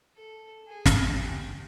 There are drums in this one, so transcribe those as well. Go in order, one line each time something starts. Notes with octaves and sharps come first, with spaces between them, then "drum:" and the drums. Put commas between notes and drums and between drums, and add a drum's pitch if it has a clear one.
A4
G#4
drum: snare
G4